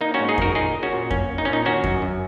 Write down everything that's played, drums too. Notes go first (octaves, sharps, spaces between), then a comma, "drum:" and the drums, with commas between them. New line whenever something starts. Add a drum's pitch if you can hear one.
A#3 D#4
C#4 F#4
G#2
D#4 G#4
D#3 F#4 A#4, drum: kick F2
A#2 D#4 G#4
A#2
C#4 F#4
A#2
A#3 C#4, drum: kick F2
A#3
D#4
A#2 C#4
D#4
D#3 C#4 F#4
F#2, drum: kick F2
F#2